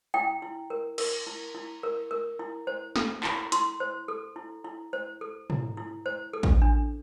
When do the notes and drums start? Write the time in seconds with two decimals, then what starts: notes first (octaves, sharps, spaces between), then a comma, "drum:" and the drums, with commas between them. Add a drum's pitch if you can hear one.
0.14 E4 G5
0.42 E4
0.70 A#4
0.98 A#4, drum: cymbal
1.27 E4
1.55 E4
1.83 A#4
2.11 A#4
2.39 E4
2.67 C5
2.96 A4, drum: snare
3.24 E4, drum: clap
3.52 E4 C6, drum: hi-hat
3.80 C5
4.08 A4
4.36 E4
4.65 E4
4.93 C5
5.21 A4
5.50 E4, drum: tom
5.77 E4
6.06 C5
6.33 A4
6.43 drum: kick A1
6.62 D4